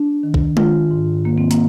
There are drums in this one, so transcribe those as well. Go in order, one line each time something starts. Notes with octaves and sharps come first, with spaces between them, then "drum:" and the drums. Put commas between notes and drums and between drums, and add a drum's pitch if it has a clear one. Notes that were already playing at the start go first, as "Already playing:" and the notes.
Already playing: D4
D#3
drum: kick
D#3 F4, drum: tom G#3
G#2
D#3 A#3
C4
A#3, drum: hi-hat